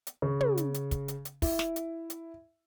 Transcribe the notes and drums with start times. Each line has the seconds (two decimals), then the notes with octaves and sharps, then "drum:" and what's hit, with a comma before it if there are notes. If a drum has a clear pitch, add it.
0.07 drum: hi-hat
0.22 C#3
0.41 drum: tom
0.57 drum: hi-hat
0.74 drum: hi-hat
0.91 drum: kick, hi-hat
1.08 drum: hi-hat
1.25 drum: hi-hat
1.42 E4, drum: kick, open hi-hat
1.59 drum: snare
1.76 drum: hi-hat
2.10 drum: hi-hat